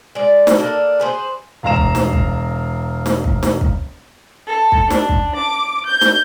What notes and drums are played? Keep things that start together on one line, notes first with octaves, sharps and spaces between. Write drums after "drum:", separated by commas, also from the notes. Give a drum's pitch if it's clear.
G#3 D5
drum: snare
A#3 D4 A4
G#4 B4 C5
E1 F5 A#5 E7
drum: kick
drum: snare
drum: kick
drum: snare
drum: kick
drum: snare
drum: kick
A4
drum: kick
D4, drum: snare
drum: kick
D6
G6
drum: snare